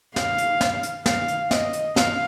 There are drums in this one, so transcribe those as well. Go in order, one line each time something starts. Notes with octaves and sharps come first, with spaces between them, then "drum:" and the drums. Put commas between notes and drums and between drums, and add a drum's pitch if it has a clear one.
F5, drum: snare
drum: hi-hat
drum: snare
drum: hi-hat
F5, drum: snare
drum: hi-hat
D#5, drum: snare
drum: hi-hat
F5, drum: snare